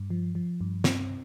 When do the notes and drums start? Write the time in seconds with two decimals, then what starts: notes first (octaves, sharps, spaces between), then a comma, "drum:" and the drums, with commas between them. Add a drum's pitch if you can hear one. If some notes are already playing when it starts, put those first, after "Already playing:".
Already playing: G2
0.10 F3
0.35 F3
0.61 G2
0.84 C4, drum: snare